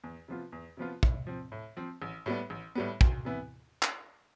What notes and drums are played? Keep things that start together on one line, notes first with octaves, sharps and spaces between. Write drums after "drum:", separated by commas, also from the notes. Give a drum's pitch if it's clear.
E2
C3 F3 B3 F4
E2
C3 F3 B3 F4
A2, drum: kick
F3 C4
A2
F3 C4
A1
A2 G3 B3
A1
A2 G3 B3
D2, drum: kick
C3 E3 B3 E4
drum: clap